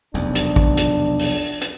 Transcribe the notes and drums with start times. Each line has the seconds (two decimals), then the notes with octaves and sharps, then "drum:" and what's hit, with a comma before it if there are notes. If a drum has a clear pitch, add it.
0.14 F1 B1 E2 D4
0.35 drum: hi-hat
0.56 drum: kick
0.77 drum: hi-hat
1.19 drum: open hi-hat
1.61 drum: hi-hat